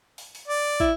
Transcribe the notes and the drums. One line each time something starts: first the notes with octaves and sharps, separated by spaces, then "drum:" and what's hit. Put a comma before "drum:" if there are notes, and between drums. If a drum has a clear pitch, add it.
drum: open hi-hat
drum: open hi-hat
D5
E4, drum: kick